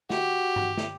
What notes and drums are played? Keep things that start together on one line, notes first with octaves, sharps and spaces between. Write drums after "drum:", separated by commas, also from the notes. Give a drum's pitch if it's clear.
F#4 G4, drum: snare
drum: tom G2
drum: snare